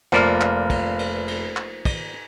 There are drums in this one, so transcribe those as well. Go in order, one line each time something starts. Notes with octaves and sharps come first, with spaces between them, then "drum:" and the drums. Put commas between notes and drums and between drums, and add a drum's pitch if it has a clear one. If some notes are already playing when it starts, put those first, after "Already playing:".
F1 F3 A#3 D5 F6
drum: clap
drum: kick, cymbal
drum: cymbal
drum: cymbal
drum: clap
drum: kick, cymbal